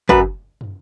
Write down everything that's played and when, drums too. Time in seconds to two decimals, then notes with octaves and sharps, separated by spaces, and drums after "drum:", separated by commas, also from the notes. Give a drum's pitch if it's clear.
0.09 F#2 B4, drum: kick
0.61 drum: tom